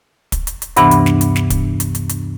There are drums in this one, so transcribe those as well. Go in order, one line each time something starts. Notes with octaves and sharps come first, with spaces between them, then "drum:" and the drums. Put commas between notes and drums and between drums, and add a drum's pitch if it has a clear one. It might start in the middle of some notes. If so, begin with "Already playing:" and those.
drum: kick, hi-hat
drum: hi-hat
drum: hi-hat
D2 G2 C3 E3 B3 D4, drum: hi-hat
drum: hi-hat
drum: snare
drum: hi-hat
drum: snare
drum: kick, hi-hat
drum: hi-hat
drum: hi-hat
drum: hi-hat